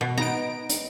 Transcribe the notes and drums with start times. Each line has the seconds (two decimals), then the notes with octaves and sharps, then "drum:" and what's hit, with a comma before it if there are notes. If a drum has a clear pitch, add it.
0.01 B2
0.17 B3 D#4 A#5 D7
0.69 drum: hi-hat